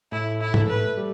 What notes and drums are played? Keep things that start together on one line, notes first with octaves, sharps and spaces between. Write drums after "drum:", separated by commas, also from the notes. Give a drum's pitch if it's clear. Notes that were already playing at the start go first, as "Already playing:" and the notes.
A2 E4
E4
A3, drum: tom G#2
B4
G3